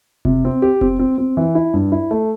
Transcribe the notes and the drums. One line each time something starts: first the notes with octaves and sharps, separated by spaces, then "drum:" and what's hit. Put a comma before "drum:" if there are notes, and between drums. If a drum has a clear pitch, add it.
C3, drum: kick F1
C4
G4
C4, drum: kick F1
C4
C4
E3
E4
G2
E4
A3